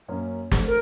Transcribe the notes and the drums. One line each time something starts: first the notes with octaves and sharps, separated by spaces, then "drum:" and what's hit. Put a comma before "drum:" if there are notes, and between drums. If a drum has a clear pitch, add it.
F#2 A#3 C#4
A3 C4, drum: snare
A#4